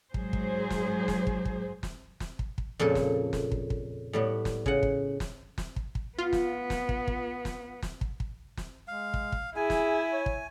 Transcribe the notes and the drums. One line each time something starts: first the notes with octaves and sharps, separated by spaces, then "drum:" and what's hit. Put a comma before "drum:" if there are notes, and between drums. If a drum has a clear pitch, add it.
G#2 F#3 G#4 C5, drum: kick
drum: kick
drum: snare
drum: snare
drum: kick
drum: kick
drum: snare
drum: snare
drum: kick
drum: kick
F2 A#2 C#3 A4
drum: snare
drum: snare
drum: kick
drum: kick
A2 G3 B3
drum: snare
C#3 F#5, drum: kick
drum: kick
drum: snare
drum: snare
drum: kick
drum: kick
B3 F4
drum: snare
drum: snare
drum: kick
drum: kick
drum: snare
drum: snare
drum: kick
drum: kick
drum: snare
G#3 F5
drum: kick
drum: kick
E4 G#4 G#5
drum: snare
C#5
drum: kick